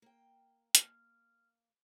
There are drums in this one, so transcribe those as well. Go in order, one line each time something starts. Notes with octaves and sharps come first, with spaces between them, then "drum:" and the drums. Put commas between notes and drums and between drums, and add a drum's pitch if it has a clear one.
A#3 G5
A#3 F6, drum: hi-hat